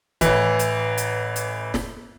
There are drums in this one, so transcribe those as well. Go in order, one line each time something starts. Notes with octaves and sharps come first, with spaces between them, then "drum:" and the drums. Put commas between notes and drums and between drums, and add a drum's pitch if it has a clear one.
A1 E3, drum: kick, hi-hat
drum: hi-hat
drum: hi-hat
drum: hi-hat
drum: snare